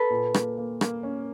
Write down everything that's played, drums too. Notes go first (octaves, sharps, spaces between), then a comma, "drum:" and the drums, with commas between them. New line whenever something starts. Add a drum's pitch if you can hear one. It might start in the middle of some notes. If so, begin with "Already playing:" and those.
Already playing: A4 B4
A#2
A#3, drum: rim click
A#3
A#3, drum: rim click
C#4